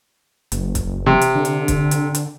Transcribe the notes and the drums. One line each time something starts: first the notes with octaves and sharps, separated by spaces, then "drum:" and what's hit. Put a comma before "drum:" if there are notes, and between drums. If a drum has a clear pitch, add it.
F#1, drum: hi-hat
drum: kick C#1, hi-hat
C3
drum: hi-hat
D3
drum: hi-hat
drum: kick C#1, hi-hat
drum: hi-hat
drum: hi-hat